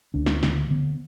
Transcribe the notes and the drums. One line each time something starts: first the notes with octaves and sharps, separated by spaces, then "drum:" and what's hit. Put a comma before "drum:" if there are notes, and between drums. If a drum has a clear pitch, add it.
D2 D4
drum: snare
D3, drum: snare
D3 B3